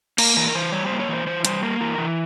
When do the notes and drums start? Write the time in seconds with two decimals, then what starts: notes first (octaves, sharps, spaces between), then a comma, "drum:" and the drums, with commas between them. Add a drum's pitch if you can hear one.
0.18 A#3 A#4, drum: cymbal
0.37 E3 A#4
0.48 A#4
0.55 E3 C5
0.72 G3 C#5
0.86 A#3 C5
1.00 C#5
1.08 E3 C5
1.27 E3 C5
1.45 G3 C5, drum: hi-hat
1.63 A#3 A#4
1.81 E3 A#4
1.98 E3